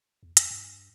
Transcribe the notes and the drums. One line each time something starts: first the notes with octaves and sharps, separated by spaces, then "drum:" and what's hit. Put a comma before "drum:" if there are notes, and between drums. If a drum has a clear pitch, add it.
E2
F2, drum: hi-hat
G2